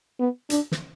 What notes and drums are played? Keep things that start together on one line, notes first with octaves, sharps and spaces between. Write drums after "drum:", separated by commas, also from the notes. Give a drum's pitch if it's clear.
B3
D4, drum: hi-hat
drum: snare